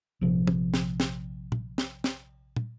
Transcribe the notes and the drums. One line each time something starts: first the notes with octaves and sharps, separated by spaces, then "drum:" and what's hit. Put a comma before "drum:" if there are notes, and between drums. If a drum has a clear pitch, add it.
A#1 C3 F3
drum: tom
drum: snare
drum: snare
drum: tom
drum: snare
drum: snare
drum: tom